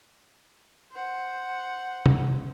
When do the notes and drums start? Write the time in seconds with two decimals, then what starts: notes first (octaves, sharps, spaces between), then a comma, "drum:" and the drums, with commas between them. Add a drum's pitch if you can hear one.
0.92 C5 F#5
2.06 drum: tom